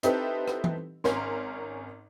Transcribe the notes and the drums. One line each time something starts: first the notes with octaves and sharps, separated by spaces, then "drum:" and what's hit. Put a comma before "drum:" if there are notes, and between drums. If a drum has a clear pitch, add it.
C4 D#4 E4 G4 A4 B4, drum: hi-hat
drum: rim click
drum: tom E3
G#1 C#4 A#4 C6, drum: snare